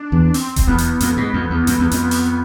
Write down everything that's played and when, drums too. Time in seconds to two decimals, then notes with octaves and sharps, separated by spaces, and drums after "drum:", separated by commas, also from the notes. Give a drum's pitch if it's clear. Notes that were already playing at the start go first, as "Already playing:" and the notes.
Already playing: D4
0.12 E2
0.34 C4, drum: open hi-hat
0.56 drum: kick D#1, hi-hat
0.67 E2 B3
0.78 drum: hi-hat
1.01 F2, drum: hi-hat
1.17 G#2
1.34 F2
1.50 E2
1.67 F2, drum: hi-hat
1.79 E2
1.92 F2, drum: hi-hat
2.11 drum: open hi-hat